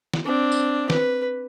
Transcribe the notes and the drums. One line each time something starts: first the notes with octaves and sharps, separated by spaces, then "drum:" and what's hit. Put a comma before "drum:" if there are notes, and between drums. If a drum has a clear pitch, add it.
drum: snare
C4 D4
drum: tambourine
B4, drum: snare